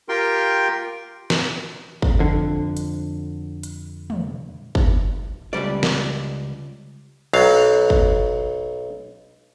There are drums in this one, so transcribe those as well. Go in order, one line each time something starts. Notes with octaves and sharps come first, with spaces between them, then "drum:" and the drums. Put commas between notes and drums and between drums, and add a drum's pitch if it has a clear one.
F4 G4 A#4 G5 C6
drum: snare
drum: kick
F2 D3
drum: hi-hat
drum: hi-hat
drum: tom
drum: kick
C#2 C#3 G3 D5
drum: snare
B1 F#3 F5, drum: cymbal
drum: kick